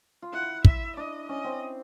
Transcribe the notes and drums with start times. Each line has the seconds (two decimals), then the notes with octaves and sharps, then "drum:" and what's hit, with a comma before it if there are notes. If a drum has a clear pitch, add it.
0.22 F4
0.33 E4 F#5
0.65 E5, drum: kick
0.96 D4 D#5
1.29 C#4 D#5
1.44 C4